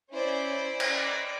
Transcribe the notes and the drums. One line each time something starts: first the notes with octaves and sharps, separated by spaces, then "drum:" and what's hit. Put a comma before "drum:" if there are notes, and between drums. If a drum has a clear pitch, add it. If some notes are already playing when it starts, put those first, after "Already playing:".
C#4 E4 C5 D5
drum: cymbal
D5